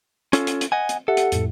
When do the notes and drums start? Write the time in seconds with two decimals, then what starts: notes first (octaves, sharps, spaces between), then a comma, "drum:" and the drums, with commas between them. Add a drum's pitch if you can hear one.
0.33 C#4 F4 A4, drum: hi-hat
0.47 drum: hi-hat
0.61 drum: hi-hat
0.72 D#5 F#5 G#5
0.89 drum: hi-hat
1.08 G4 A4 E5 F#5
1.17 drum: hi-hat
1.32 F2 A2, drum: hi-hat